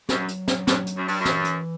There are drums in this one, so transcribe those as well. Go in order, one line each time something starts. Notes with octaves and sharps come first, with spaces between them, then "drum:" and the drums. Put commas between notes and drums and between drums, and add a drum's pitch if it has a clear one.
F#2 F#3, drum: snare
drum: hi-hat
drum: snare
G2, drum: snare
drum: hi-hat
F#2
G2, drum: open hi-hat
F#2
E3, drum: snare
drum: hi-hat